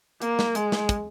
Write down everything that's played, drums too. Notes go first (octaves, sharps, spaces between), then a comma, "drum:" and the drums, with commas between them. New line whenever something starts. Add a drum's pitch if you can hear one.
A#3, drum: hi-hat
drum: snare
G#3, drum: hi-hat
drum: snare
drum: kick, hi-hat